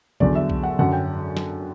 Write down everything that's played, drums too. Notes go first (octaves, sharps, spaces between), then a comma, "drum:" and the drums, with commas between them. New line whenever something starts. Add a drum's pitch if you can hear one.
E2 D3 F#3 D5, drum: kick B1
E5
drum: kick B1
F#5
F#2 D3 F#3 F#5
G5
drum: snare